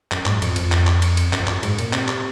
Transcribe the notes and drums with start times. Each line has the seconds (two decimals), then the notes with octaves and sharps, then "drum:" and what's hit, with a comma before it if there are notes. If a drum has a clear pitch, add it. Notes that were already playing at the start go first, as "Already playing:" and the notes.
0.11 F#2, drum: clap
0.26 G#2, drum: clap
0.42 F2, drum: cymbal
0.56 F2, drum: cymbal
0.72 drum: clap
0.87 drum: clap
1.02 drum: cymbal
1.17 drum: cymbal
1.33 F#2, drum: clap
1.40 F2
1.47 F#2, drum: clap
1.63 G#2, drum: cymbal
1.78 A#2, drum: cymbal
1.93 C3, drum: clap
2.08 drum: clap